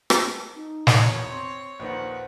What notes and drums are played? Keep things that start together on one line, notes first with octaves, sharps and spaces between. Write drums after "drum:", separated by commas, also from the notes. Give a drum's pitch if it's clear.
A5, drum: rim click
D#4
E2 B2 D#3 C#5, drum: snare
C4 C6
A#1 D#2 D#3 B4 C5 F#5